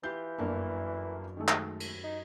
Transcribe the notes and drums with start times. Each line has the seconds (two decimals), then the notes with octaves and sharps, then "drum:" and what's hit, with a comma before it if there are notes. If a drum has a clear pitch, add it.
0.03 E3 F4 G4 B4 G6
0.38 G1 F#2 A#3 D4 F6
1.37 D#3 G#3 A3
1.48 drum: clap
1.80 drum: cymbal
2.04 D#4